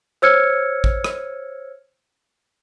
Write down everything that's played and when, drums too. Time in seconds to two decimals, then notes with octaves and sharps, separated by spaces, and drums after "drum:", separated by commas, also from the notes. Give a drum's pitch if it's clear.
0.22 C5 C#5 E6 F6 G#6 C#7
0.84 drum: kick A1
1.04 drum: rim click